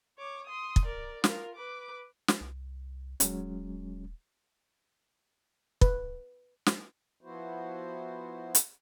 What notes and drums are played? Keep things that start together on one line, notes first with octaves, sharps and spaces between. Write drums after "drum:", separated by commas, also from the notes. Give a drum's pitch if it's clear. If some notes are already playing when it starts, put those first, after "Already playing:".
C#5 D6
C6 D#6
drum: kick
A#4 D5
F4 A#4, drum: snare
B4 D6
drum: snare
C2
D#1 F#3 G#3 C#4, drum: hi-hat
B4, drum: kick
drum: snare
F3 B3 E4 F#4 C5
drum: hi-hat